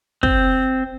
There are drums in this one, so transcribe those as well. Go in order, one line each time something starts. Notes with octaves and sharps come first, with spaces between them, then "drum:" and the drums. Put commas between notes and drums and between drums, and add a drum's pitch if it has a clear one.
C4, drum: kick